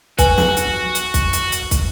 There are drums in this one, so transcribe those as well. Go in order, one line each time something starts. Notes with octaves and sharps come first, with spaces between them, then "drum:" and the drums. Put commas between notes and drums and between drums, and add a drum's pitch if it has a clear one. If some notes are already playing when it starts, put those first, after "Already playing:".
F#4 B4 G#5, drum: kick, hi-hat
drum: snare
drum: hi-hat
drum: hi-hat
drum: kick, hi-hat
drum: hi-hat
drum: hi-hat
drum: kick, hi-hat